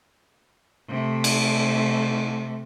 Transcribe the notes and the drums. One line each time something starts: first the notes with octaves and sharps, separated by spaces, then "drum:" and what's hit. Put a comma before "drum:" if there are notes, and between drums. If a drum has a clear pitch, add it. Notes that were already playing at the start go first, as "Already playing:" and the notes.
C3 A3
drum: cymbal